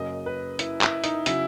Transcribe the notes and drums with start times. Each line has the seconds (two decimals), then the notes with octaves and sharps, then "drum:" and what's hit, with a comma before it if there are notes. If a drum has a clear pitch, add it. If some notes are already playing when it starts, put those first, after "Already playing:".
Already playing: F#1 F#2 C#3 D#5
0.26 B4
0.59 E4, drum: hi-hat
0.81 E4, drum: clap
1.04 D#4, drum: hi-hat
1.26 C#3 F#3 E4, drum: hi-hat